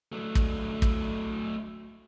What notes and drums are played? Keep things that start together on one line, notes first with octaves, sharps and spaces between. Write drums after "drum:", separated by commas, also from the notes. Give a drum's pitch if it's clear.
F#3 A3
drum: kick
drum: kick